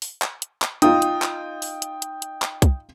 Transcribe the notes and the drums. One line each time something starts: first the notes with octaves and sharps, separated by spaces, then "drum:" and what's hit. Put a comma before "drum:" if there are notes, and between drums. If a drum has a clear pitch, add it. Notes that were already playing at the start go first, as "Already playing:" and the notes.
drum: open hi-hat
drum: clap
drum: hi-hat
drum: clap
D#4 F4 G5 D#6, drum: hi-hat
drum: hi-hat
drum: clap
drum: open hi-hat
drum: hi-hat
drum: hi-hat
drum: hi-hat
drum: clap
drum: kick C2, hi-hat